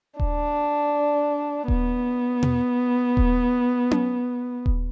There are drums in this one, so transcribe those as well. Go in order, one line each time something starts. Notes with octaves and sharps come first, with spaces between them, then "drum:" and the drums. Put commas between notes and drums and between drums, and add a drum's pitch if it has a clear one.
D4, drum: kick D#1
B3, drum: kick D#1
drum: tom B2
drum: kick D#1
drum: tom C#4
drum: kick D#1